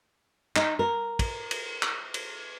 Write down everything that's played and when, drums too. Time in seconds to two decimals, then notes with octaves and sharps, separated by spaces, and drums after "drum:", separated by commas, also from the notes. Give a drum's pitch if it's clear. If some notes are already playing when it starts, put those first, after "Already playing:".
0.56 D#4, drum: clap
0.79 A#4
1.19 drum: kick, cymbal
1.51 drum: cymbal
1.82 drum: clap
2.14 drum: cymbal